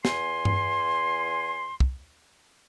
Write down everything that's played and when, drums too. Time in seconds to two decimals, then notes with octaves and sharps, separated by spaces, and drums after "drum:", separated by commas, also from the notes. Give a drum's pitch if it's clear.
0.05 E2 G#5 C6, drum: snare
0.45 drum: tom G2
1.80 drum: kick